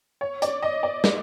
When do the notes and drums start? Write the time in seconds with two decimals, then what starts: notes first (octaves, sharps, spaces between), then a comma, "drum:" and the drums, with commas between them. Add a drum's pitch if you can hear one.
0.21 C#5
0.42 D5, drum: hi-hat
0.62 D#5
0.83 D5
1.04 drum: snare